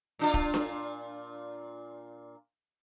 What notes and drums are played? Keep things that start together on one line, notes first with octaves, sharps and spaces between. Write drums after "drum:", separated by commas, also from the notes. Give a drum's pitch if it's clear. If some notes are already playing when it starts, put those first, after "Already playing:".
A#2 D4 F4
drum: kick
drum: snare D4